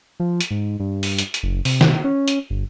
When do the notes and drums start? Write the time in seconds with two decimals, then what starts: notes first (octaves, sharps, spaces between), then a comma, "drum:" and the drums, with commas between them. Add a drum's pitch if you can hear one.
0.20 F3
0.41 drum: hi-hat
0.51 G#2
0.80 G2
1.03 drum: open hi-hat
1.18 drum: hi-hat
1.34 drum: hi-hat
1.43 F#1
1.65 C3, drum: open hi-hat
1.81 drum: snare
2.04 C#4
2.28 drum: hi-hat
2.50 G1